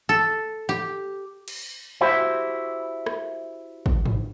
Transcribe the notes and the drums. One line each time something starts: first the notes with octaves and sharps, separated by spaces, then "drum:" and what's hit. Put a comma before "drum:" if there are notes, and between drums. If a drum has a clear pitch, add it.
A4
G4
drum: cymbal
E4 F#4 G4 C5 E5
drum: rim click
drum: kick
drum: tom G2